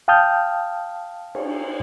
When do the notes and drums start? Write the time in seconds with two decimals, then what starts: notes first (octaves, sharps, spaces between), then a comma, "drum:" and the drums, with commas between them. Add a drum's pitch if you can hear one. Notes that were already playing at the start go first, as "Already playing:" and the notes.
0.08 F5 G5 A5 D#6 F6 G6
1.35 drum: cymbal